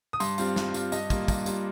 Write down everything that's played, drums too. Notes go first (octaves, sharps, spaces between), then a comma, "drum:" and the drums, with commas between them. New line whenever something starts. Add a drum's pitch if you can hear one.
D#6
G2 C6, drum: tambourine
G3 C4 F4, drum: tambourine
G2, drum: snare
G3 C4 F4, drum: tambourine
G2 D#5, drum: tambourine
G3 A#3 F4, drum: kick, tambourine
G2, drum: kick, tambourine
G3 A#3 F4, drum: tambourine